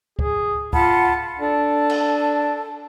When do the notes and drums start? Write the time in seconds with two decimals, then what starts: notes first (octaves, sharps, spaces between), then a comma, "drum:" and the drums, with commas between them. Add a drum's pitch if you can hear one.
0.19 G#4, drum: kick C#2
0.73 F4 F#5 A5 B5, drum: kick C#2
1.39 D4 A4 A5
1.90 drum: cymbal